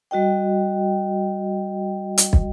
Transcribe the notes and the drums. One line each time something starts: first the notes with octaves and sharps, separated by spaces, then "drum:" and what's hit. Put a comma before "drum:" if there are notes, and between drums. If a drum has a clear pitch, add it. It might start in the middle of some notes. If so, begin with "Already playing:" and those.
G3 F#4 D#5 G5
drum: hi-hat
drum: kick